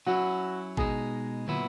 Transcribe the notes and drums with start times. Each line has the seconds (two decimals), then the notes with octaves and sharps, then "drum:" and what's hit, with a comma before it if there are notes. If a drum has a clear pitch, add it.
0.06 F#3 C#4 E4 F#4
0.77 B2 G#3 D#4 G#4, drum: kick A1
1.48 A#2 F#3 B3 E4, drum: tom